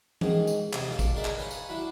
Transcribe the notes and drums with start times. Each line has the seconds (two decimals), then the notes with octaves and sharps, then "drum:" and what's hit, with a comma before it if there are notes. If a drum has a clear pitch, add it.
0.21 G#2 D#3 G#4, drum: tom E3
0.47 drum: tambourine
0.73 C3 D#5 A5, drum: clap
0.89 B1 F4 A4 D6
0.99 drum: kick A#1, tambourine
1.14 D4 D#4 G#4 A#4 D5 E5
1.25 drum: clap
1.38 B4 C#5 F5 G#5 A#5
1.51 drum: tambourine
1.69 D4 E4 F#4 B5